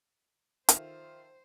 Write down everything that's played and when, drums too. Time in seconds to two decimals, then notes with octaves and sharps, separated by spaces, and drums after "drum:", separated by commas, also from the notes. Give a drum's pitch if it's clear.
0.69 D#3 F4 A4 C5 E5 F5, drum: hi-hat